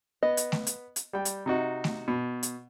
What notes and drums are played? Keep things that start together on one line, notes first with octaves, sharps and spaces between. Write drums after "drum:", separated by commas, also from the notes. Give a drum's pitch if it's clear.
B3 D#5
drum: hi-hat
drum: snare A3
drum: hi-hat
drum: hi-hat
G3 G5
drum: hi-hat
C3 D#4 F#4
drum: snare A3
B2
drum: hi-hat